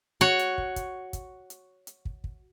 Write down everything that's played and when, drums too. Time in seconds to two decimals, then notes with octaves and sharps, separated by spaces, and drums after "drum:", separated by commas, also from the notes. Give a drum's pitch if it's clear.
0.21 F#4 C#5
0.39 drum: hi-hat
0.58 drum: kick
0.76 drum: kick, hi-hat
1.13 drum: kick, hi-hat
1.50 drum: hi-hat
1.87 drum: hi-hat
2.05 drum: kick
2.24 drum: kick